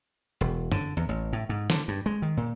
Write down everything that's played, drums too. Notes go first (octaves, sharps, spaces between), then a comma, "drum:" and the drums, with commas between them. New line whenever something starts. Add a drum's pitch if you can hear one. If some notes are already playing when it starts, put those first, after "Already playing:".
E1
D3, drum: tom F#2
E2
A1
A2
G#2
D3, drum: snare
G2
G#3
D#3
A#2